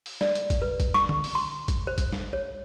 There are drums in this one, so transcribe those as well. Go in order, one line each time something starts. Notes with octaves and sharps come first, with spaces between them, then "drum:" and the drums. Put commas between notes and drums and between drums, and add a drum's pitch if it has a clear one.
drum: open hi-hat
D5, drum: snare
drum: hi-hat
drum: kick, hi-hat
B4
drum: kick, hi-hat
C#6, drum: snare
drum: tom D3
drum: open hi-hat
C6
drum: kick, hi-hat
C5
drum: kick, hi-hat
drum: snare
C#5